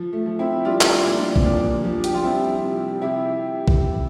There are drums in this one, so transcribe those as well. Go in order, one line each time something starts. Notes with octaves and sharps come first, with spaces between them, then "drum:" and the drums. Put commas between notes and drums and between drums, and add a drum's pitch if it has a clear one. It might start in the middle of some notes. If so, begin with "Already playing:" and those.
Already playing: F3
A3
F3
C4 E4
G3 D4 F4
E4, drum: clap
D4 F4
A#2
D4 F4
C4, drum: kick A1
F3 A#3 D4
F3
G4, drum: hi-hat
F4
G3 C4 E4
C3
C3 E4 G4
drum: kick A1